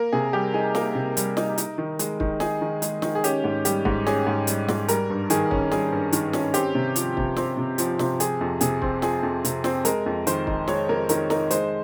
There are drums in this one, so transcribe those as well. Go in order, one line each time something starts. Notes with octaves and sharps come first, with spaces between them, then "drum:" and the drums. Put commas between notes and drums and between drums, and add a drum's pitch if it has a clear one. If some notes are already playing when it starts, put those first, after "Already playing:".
Already playing: A#3 A#4
C3 G#4
G3 G4
D#4 G#4
A#3 A#4, drum: snare
C3
G3, drum: hi-hat
D#4, drum: snare
D#4, drum: hi-hat
D#3
G#3, drum: hi-hat
D#3, drum: kick
D#4 G#4, drum: snare
D#3
G#3, drum: hi-hat
D#3, drum: snare
G#4
C#4 G4, drum: hi-hat
G#2
G3 G4, drum: hi-hat
G#2, drum: kick
C#4 G#4, drum: snare
G#2
G3, drum: hi-hat
G#2, drum: snare
G3 A#4, drum: hi-hat
G2
D#3 G#4, drum: hi-hat
C#4, drum: kick
G3 G#4, drum: snare
G2
D#3, drum: hi-hat
C#4, drum: snare
C4 G4, drum: hi-hat
C3
F3, drum: hi-hat
C3, drum: kick
C4, drum: snare
C3
F3, drum: hi-hat
C3, drum: snare
F3 G#4, drum: hi-hat
F2
C3 G#4, drum: hi-hat
C4, drum: kick
F3 G#4, drum: snare
F2
C3, drum: hi-hat
C4, drum: snare
G#3 A#4, drum: hi-hat
F2
D#3 C5, drum: hi-hat
D#4, drum: kick
G#3 C#5, drum: snare
F2 A#4
D#3 A#4, drum: hi-hat
D#4 A#4, drum: snare
G#3 C5, drum: hi-hat